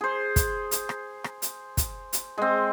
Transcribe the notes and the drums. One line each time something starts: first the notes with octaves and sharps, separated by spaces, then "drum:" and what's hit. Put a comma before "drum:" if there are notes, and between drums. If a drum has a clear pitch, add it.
G#4 C5
drum: kick, hi-hat
drum: hi-hat
drum: rim click
drum: rim click
drum: hi-hat
drum: kick, hi-hat
drum: hi-hat
G#3 C4